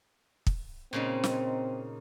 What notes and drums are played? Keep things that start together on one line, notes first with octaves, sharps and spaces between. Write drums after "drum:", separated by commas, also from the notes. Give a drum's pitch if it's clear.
drum: kick
A#2 C#3 C4 D#4
drum: snare